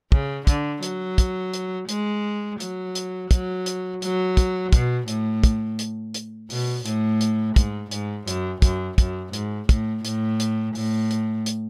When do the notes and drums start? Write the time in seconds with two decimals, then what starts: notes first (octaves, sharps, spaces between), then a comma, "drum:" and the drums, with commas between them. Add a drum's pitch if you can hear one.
0.12 C#3, drum: kick
0.47 D3, drum: kick, hi-hat
0.83 F#3, drum: hi-hat
1.18 drum: kick, hi-hat
1.54 drum: hi-hat
1.89 G#3, drum: hi-hat
2.60 F#3, drum: hi-hat
2.95 drum: hi-hat
3.31 F#3, drum: kick, hi-hat
3.66 drum: hi-hat
4.02 F#3, drum: hi-hat
4.37 drum: kick, hi-hat
4.73 B2, drum: kick, hi-hat
5.08 A2, drum: hi-hat
5.44 drum: kick, hi-hat
5.79 drum: hi-hat
6.14 drum: hi-hat
6.50 B2, drum: open hi-hat
6.86 A2, drum: hi-hat
7.21 drum: hi-hat
7.56 G#2, drum: kick, hi-hat
7.91 G#2, drum: hi-hat
8.28 F#2, drum: hi-hat
8.62 F#2, drum: kick, hi-hat
8.98 F#2, drum: kick, hi-hat
9.33 G#2, drum: hi-hat
9.69 A2, drum: kick, hi-hat
10.05 A2, drum: hi-hat
10.40 drum: hi-hat
10.75 A2, drum: open hi-hat
11.11 drum: hi-hat
11.46 drum: hi-hat